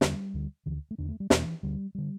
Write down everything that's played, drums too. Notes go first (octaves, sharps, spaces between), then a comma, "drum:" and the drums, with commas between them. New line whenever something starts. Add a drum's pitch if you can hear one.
E2 D3 G3, drum: snare
D2 D3
D2 D3 E3
A3
E2 D3 D4
A3
G3
E2 B2 E3, drum: snare
D2 D3 G3
D3 G3